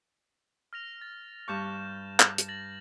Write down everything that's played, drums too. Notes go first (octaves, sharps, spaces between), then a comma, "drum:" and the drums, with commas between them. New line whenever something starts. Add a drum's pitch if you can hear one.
F6 A#6 F7
A6
G2 C#6 F6 G6 E7
drum: clap
drum: hi-hat
A6 A#6 F#7